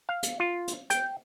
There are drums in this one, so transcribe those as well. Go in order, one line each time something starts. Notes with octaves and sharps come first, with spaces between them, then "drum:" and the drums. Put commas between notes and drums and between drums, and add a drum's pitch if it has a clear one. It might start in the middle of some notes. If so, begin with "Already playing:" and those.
F5
drum: hi-hat
F4
drum: hi-hat
G5, drum: hi-hat